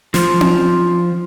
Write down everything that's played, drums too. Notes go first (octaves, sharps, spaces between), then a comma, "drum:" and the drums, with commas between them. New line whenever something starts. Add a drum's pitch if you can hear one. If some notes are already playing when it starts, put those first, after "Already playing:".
F3, drum: snare
drum: tom C4